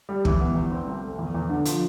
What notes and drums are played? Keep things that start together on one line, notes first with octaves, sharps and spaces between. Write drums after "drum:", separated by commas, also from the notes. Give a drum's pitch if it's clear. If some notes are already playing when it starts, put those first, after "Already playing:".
G3
E3, drum: kick
B3
E2
C4
C2
A3
E2
E2
D3
F3, drum: hi-hat